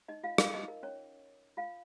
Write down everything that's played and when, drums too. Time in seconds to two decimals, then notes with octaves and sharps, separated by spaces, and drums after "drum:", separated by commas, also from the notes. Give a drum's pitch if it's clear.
0.08 D#4 D#5
0.24 F4 F5
0.38 F4 F5, drum: rim click
0.54 D#4 D#5
0.68 A#4
0.83 C#4 C#5
1.57 F4 F5